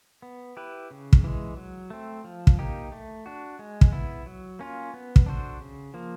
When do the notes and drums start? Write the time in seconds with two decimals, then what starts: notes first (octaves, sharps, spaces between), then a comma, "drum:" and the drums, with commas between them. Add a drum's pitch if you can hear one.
0.22 B3
0.57 E4 G4 B4
0.91 C#3
1.13 drum: kick
1.24 E3 G#3
1.57 F#3
1.90 A3 C4
2.24 F3
2.47 drum: kick
2.59 A#3 D#4 G4
2.92 A3
3.26 D4 F#4
3.59 G#3
3.81 drum: kick
3.92 B3 E4
4.26 F#3
4.59 A#3 C#4 F4
4.94 B3
5.16 drum: kick
5.26 D4 F#4 A4 C5
5.61 C#3
5.94 F3 A#3